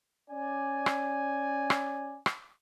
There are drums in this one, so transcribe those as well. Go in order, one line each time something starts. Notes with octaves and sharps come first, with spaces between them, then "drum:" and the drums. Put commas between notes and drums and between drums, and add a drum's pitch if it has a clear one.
C#4 D5 G#5
drum: rim click
drum: rim click
drum: rim click